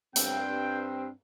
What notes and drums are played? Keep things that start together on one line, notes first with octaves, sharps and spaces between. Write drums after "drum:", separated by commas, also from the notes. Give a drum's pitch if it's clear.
G2 C4 G5, drum: hi-hat